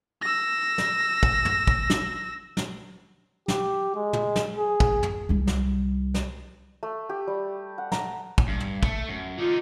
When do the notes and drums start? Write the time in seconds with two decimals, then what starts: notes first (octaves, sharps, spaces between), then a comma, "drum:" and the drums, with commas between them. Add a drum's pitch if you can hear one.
0.22 E6 A#6
0.78 drum: snare
1.23 drum: kick
1.45 drum: tom
1.67 drum: kick
1.90 drum: snare
2.57 drum: snare
3.48 G4, drum: snare
3.96 G#3
4.13 drum: tom
4.36 drum: snare
4.58 G#4
4.80 drum: kick
5.03 drum: tom
5.29 C2 G3
5.47 drum: snare
6.14 drum: snare
6.83 A3
7.09 G4
7.28 G3
7.78 F#5
7.92 A#5, drum: snare
8.38 drum: kick
8.48 G2
8.60 drum: tom
8.83 A3, drum: kick
9.09 F#2
9.38 D3 D#4 F4